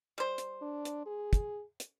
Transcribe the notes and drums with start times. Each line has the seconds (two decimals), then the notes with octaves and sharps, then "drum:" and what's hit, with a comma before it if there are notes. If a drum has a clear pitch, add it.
0.18 G3 C5
0.38 drum: hi-hat
0.62 D4
0.85 drum: hi-hat
1.06 G#4
1.33 drum: kick, hi-hat
1.80 drum: hi-hat